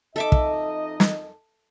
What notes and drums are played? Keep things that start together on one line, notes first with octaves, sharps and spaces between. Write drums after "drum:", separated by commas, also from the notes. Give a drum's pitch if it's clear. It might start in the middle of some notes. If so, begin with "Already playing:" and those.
F2 D#4 A4 D#5 E5 D6
drum: kick
drum: snare